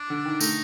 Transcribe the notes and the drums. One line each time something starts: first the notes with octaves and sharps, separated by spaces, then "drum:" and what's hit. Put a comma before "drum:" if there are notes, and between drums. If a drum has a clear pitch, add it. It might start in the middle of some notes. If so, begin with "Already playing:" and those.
Already playing: D4
D3
D#3
A3 D#4, drum: tambourine